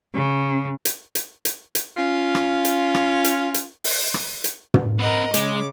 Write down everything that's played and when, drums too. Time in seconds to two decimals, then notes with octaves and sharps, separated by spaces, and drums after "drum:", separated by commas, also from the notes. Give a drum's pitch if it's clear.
0.14 C#3
0.85 drum: hi-hat
1.15 drum: hi-hat
1.45 drum: hi-hat
1.75 drum: hi-hat
1.97 C#4 F4
2.35 drum: rim click
2.65 drum: hi-hat
2.95 drum: rim click
3.24 drum: hi-hat
3.54 drum: hi-hat
3.84 drum: open hi-hat
4.14 drum: rim click
4.44 drum: hi-hat
4.74 drum: tom
4.99 C4 A#4 B4 D#5 F#5
5.34 C#3 G#3 D6, drum: hi-hat